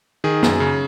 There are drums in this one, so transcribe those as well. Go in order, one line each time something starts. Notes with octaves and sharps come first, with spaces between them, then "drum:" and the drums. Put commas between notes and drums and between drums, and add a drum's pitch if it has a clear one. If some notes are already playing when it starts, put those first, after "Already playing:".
D#3 G#4
F#2, drum: snare
C#3